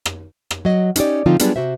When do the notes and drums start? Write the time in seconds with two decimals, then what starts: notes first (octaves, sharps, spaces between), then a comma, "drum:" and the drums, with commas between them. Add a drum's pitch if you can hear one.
0.06 drum: rim click
0.51 drum: rim click
0.65 F#3 D#5
0.96 C#4 D#4 F#4 G4 D5, drum: hi-hat
1.26 D3 F3 C4 D#4 F4
1.39 F#3 G3 B3 D4 F4 G#4, drum: hi-hat
1.56 C3 F#4 C5 E5